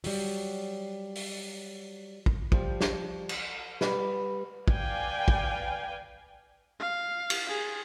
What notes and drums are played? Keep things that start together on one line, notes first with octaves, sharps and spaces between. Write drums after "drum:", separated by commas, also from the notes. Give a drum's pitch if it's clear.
F#3 G3, drum: open hi-hat
drum: open hi-hat
drum: kick
F3 G3, drum: kick
drum: snare
drum: cymbal
G3 B4, drum: snare
B4 D5 F5 G5 G#5, drum: kick
drum: kick
F5
drum: cymbal
G#4